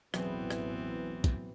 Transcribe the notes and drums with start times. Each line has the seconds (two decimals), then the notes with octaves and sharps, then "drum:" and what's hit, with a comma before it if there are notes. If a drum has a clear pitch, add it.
0.14 A1 E2 B2 E3 F#3 B3 C4 G5, drum: rim click
0.51 drum: rim click
1.24 drum: kick, hi-hat